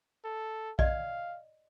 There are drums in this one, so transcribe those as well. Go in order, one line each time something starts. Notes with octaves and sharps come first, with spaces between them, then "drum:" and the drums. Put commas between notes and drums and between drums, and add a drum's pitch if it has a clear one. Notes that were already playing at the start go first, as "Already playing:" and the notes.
A4
D5 D#5 F5, drum: kick A#1